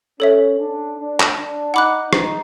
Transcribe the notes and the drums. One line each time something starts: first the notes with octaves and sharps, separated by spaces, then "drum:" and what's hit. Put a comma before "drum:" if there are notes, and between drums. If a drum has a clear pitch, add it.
C#4 A4 C#5 E5
D4
D4
drum: clap
D4
D#4 F#5 B5 D6 F#6
D#4, drum: rim click